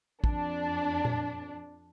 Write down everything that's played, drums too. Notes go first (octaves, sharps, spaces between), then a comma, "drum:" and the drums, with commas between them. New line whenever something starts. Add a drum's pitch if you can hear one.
F2 D4, drum: kick
drum: tom A#2